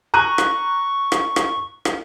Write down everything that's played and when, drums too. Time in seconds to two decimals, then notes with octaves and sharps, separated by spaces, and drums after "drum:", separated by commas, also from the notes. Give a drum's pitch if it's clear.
0.14 A#5 C#6 F#6 D#7
0.38 drum: rim click
1.12 drum: rim click
1.36 drum: rim click
1.85 drum: rim click